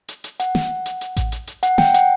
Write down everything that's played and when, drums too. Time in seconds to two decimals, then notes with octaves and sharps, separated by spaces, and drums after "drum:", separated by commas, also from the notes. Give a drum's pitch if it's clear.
0.08 drum: hi-hat
0.24 drum: hi-hat
0.40 F#5, drum: hi-hat
0.55 drum: snare
0.86 drum: hi-hat
1.01 drum: hi-hat
1.17 drum: kick A1, hi-hat
1.32 drum: hi-hat
1.47 drum: hi-hat
1.63 F#5, drum: hi-hat
1.78 G5, drum: snare
1.94 F#5, drum: hi-hat